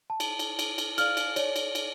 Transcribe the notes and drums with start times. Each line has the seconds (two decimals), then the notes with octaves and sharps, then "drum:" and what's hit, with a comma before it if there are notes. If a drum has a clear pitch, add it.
0.10 A5
0.20 drum: cymbal
0.39 drum: cymbal
0.59 drum: cymbal
0.78 drum: cymbal
0.98 D5 F5 F6, drum: cymbal
1.17 drum: cymbal
1.36 C#5 D5, drum: cymbal
1.56 drum: cymbal
1.75 drum: cymbal